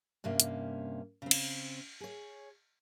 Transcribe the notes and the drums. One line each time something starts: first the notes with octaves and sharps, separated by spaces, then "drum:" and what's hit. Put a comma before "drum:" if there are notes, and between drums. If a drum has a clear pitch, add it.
G2 C3 A#3 C#4
drum: hi-hat
C#3 C4
drum: cymbal
G#4 C#5